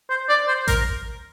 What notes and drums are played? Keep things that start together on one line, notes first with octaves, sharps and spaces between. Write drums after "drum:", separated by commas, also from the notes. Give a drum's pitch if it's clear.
C5
D5
C5
A#4, drum: kick A1, hi-hat